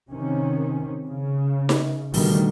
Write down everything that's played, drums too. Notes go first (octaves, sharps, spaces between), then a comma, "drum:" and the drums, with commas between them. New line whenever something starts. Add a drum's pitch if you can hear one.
C3 D#3 C#4
C#3
drum: snare D#4
B2 D3 D#3 G3 A3, drum: open hi-hat